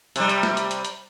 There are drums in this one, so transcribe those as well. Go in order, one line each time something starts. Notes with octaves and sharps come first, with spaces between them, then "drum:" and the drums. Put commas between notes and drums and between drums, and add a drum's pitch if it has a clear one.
C3 G3, drum: hi-hat
drum: hi-hat
drum: snare
drum: hi-hat
drum: hi-hat
drum: hi-hat